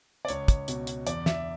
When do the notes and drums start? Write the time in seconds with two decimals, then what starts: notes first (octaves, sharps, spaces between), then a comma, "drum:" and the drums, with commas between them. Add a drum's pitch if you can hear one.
0.25 D5
0.28 C#2 C#5, drum: hi-hat
0.48 drum: kick, hi-hat
0.68 B2, drum: hi-hat
0.87 drum: hi-hat
1.07 E2 D5, drum: hi-hat
1.26 E5, drum: snare